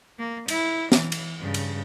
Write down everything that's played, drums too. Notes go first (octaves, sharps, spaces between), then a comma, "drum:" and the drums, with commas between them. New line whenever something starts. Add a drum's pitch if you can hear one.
A#3
E4, drum: cymbal
E3, drum: snare
drum: cymbal
G2 C#3
drum: cymbal